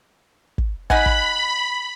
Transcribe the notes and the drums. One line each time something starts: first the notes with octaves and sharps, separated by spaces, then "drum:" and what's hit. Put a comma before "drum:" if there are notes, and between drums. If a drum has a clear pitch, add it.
drum: kick
D#4 F#5 G#5 B5, drum: kick
drum: kick